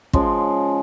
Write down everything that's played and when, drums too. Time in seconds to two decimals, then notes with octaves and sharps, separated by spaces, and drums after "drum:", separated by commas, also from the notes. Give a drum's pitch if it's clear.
0.13 C#3 F3 G#3, drum: kick